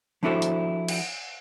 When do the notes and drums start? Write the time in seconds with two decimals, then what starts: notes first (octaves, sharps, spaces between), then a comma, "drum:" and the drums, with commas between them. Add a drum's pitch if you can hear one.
0.23 F3 D4 E4 F#4 A4 C5
0.42 drum: hi-hat
0.88 drum: cymbal